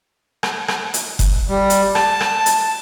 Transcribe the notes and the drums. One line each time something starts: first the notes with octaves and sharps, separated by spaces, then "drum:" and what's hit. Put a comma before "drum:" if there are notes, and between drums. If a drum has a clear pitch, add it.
drum: rim click
drum: rim click
drum: hi-hat
drum: kick F#1, hi-hat
G3
drum: hi-hat
A5, drum: rim click
drum: rim click
drum: hi-hat